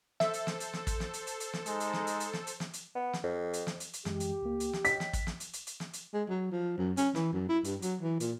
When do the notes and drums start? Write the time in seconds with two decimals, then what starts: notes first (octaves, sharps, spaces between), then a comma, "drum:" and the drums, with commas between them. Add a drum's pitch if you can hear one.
0.20 A4 C5 E5, drum: snare
0.33 drum: hi-hat
0.47 drum: snare
0.60 drum: hi-hat
0.73 drum: snare
0.87 drum: kick, hi-hat
1.00 drum: snare
1.13 drum: hi-hat
1.27 drum: hi-hat
1.40 drum: hi-hat
1.53 drum: snare
1.66 G#3 D#4, drum: hi-hat
1.80 drum: hi-hat
1.93 drum: snare
2.07 drum: hi-hat
2.20 drum: hi-hat
2.33 drum: snare
2.47 drum: hi-hat
2.60 drum: snare
2.73 drum: hi-hat
2.95 B3
3.13 drum: snare
3.23 F2
3.53 drum: hi-hat
3.67 drum: snare
3.80 drum: hi-hat
3.93 drum: hi-hat
4.05 F#2 E3 G#3 G4, drum: snare
4.20 drum: hi-hat
4.42 C#2 A#3
4.60 drum: hi-hat
4.73 drum: snare
4.85 C#5 D#5 G5 B6, drum: hi-hat
5.00 drum: snare
5.13 drum: kick, hi-hat
5.27 drum: snare
5.40 drum: hi-hat
5.53 drum: hi-hat
5.67 drum: hi-hat
5.80 drum: snare
5.93 drum: hi-hat
6.14 G#3
6.29 F#3
6.52 F3
6.78 F#2
6.97 C#4, drum: hi-hat
7.15 E3, drum: snare
7.33 F#2
7.49 E4
7.64 G2, drum: hi-hat
7.82 F#3, drum: hi-hat
8.01 E3
8.20 A#2, drum: hi-hat